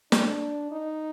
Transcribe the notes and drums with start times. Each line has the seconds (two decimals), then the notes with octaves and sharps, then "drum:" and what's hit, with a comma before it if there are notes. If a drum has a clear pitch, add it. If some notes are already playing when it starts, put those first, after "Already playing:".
0.12 D4, drum: snare
0.71 D#4